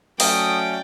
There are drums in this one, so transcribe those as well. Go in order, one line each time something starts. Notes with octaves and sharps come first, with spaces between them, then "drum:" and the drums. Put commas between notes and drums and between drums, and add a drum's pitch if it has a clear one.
F#3 A3 C#4 D5 G5 D#6, drum: open hi-hat